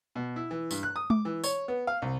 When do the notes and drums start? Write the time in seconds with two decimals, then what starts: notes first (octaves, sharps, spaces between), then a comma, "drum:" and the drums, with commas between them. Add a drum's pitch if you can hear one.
0.15 B2
0.36 E4
0.51 E3
0.71 G2, drum: tambourine
0.83 F#6
0.96 D#6
1.10 D6, drum: tom G#3
1.25 E3
1.44 C#5, drum: tambourine
1.68 B3
1.87 F5
2.02 C2